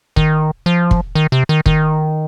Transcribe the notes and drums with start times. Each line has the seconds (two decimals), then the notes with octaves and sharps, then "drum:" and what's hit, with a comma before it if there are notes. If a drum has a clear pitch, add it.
0.16 D#3, drum: kick
0.66 F3
0.91 drum: kick
1.15 D#3
1.32 C3
1.49 D#3
1.66 D#3, drum: kick